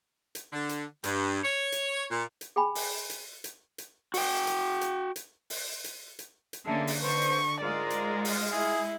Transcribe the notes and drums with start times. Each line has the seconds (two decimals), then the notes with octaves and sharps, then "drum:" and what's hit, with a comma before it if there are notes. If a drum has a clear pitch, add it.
0.35 drum: hi-hat
0.53 D3
0.69 drum: hi-hat
1.04 G2, drum: hi-hat
1.43 C#5
1.72 drum: hi-hat
2.11 A#2
2.41 drum: hi-hat
2.56 G#4 G5 G#5 B5
2.75 drum: open hi-hat
3.10 drum: hi-hat
3.44 drum: hi-hat
3.78 drum: hi-hat
4.14 F#4 G5, drum: open hi-hat
4.47 drum: hi-hat
4.81 drum: hi-hat
5.16 drum: hi-hat
5.50 drum: open hi-hat
5.84 drum: hi-hat
6.19 drum: hi-hat
6.53 drum: hi-hat
6.66 D3 A#3 C#4 G#4 E5 A5
6.87 drum: open hi-hat
7.02 D3 C4 B4 C5 C#6
7.22 drum: hi-hat
7.62 G#2 G#3 F4 A#4 D5
7.90 drum: hi-hat
8.25 drum: open hi-hat
8.52 E4 G#4